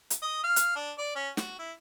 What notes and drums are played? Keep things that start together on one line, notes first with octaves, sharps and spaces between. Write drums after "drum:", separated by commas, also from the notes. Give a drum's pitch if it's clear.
drum: hi-hat
D#5
F5
drum: hi-hat
D4
D5
C#4
F#4, drum: snare
E4